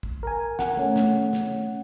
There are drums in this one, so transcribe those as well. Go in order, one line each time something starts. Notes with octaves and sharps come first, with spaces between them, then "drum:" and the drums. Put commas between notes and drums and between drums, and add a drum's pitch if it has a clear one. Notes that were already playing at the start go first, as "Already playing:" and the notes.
drum: kick
A#4 G#5
F#5, drum: snare
A3 C#4
drum: snare
drum: snare